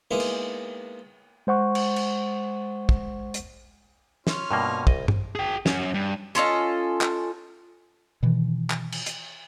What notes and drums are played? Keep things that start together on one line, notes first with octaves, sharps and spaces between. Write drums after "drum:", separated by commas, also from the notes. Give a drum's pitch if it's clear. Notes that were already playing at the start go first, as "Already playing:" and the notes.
G#3 A#3 B3 D#4 E4
drum: cymbal
G#3 C5 F#5 C#6
drum: cymbal
drum: cymbal
drum: kick
drum: hi-hat
C#4 F4, drum: snare
G2 B2 A#3
C2 D#5, drum: kick
drum: tom G2
G#4 G5
F#2 C#4, drum: snare
G2
C#4 F4 A4 D#5
drum: clap
B2 D#3 E3
drum: clap
drum: cymbal
drum: hi-hat